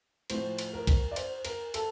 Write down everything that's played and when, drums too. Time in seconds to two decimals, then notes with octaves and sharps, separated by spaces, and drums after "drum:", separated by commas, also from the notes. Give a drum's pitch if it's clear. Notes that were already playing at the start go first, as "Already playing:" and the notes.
0.30 A2 F3 C5, drum: cymbal
0.58 drum: cymbal
0.73 A#4
0.87 drum: kick, cymbal
1.11 D5
1.16 C5, drum: cymbal
1.45 A#4, drum: cymbal
1.74 A4, drum: cymbal